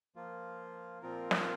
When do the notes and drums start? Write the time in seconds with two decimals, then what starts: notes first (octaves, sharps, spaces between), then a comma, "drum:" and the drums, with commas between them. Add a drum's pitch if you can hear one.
0.16 F3 A#3 F4
1.02 A#2 F3 C4 F4 A#4
1.31 drum: snare